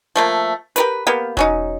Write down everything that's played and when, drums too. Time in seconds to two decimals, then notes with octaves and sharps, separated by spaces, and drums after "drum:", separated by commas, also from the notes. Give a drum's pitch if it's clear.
0.16 F3 A3 A#3
0.76 G4 A#4 B4, drum: hi-hat
1.07 A#3 B3 G4
1.37 F#3 C#4 D#4, drum: kick E1